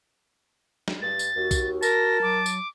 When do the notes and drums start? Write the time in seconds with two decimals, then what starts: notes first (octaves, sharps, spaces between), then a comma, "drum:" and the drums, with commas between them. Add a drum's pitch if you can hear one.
0.88 drum: snare
1.02 G2 A6
1.19 drum: tambourine
1.35 D#2 F#4
1.51 drum: kick B1, tambourine
1.83 A#4 A5 A#6, drum: tambourine
2.22 F#3 D6
2.46 drum: tambourine